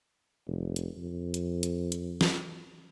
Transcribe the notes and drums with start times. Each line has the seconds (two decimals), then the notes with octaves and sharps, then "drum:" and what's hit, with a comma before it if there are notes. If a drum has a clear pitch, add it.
0.47 F1
0.76 drum: hi-hat
0.97 F2
1.34 drum: hi-hat
1.63 drum: hi-hat
1.92 drum: hi-hat
2.21 drum: snare